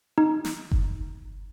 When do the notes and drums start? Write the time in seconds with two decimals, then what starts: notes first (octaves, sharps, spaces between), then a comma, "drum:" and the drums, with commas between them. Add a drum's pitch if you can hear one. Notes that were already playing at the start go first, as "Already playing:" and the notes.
0.18 D#4
0.45 drum: snare
0.71 drum: kick F#1